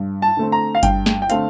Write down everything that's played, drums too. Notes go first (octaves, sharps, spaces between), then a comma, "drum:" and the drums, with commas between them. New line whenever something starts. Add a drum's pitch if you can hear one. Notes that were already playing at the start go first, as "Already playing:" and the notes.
Already playing: G2
A5
D3 A3 C4
A#5
F5
G2 G5, drum: kick G1, hi-hat
drum: snare
G5
D3 A3 C4 F5, drum: hi-hat